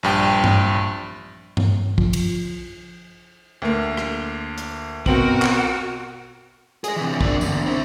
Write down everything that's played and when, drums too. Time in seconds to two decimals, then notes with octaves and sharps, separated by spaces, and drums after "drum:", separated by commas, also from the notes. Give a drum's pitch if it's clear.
0.03 A#1 G2 G5
0.44 drum: tom G2
1.57 drum: tom G2
1.98 F3, drum: kick A#1
2.13 drum: cymbal
3.62 D2 A#3
3.97 drum: rim click
4.58 drum: hi-hat
5.06 B2 C4 F#4 A#4 F#7, drum: kick A#1
5.42 drum: clap
6.84 G#4 D#5, drum: hi-hat
6.96 C3 E3
7.21 A#3 D4, drum: kick A#1
7.41 E2 D3, drum: tambourine
7.66 C4 E4